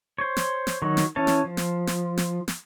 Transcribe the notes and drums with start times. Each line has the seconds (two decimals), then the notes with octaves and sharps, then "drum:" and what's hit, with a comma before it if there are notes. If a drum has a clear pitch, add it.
0.18 C5 C#5
0.37 drum: snare
0.67 drum: snare
0.82 D#3 F#3 C#6
0.97 drum: snare
1.16 E3 C#4 C#5 A5
1.27 drum: snare
1.44 F3
1.57 drum: snare
1.87 drum: snare
2.18 drum: snare
2.48 drum: snare